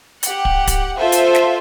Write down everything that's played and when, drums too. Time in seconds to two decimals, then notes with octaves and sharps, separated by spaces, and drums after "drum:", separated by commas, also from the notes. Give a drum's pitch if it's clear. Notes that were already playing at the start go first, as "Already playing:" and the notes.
0.23 G4 F#5, drum: hi-hat
0.45 drum: kick
0.67 drum: kick, hi-hat
0.97 F4 A4 C5 E5
1.12 drum: hi-hat
1.35 drum: snare